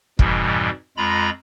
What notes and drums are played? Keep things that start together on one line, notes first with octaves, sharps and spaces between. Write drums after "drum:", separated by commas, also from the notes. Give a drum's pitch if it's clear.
F2 G#2 B2 E3 G3, drum: kick
F2 G#3 F4 A#5 B5 A#6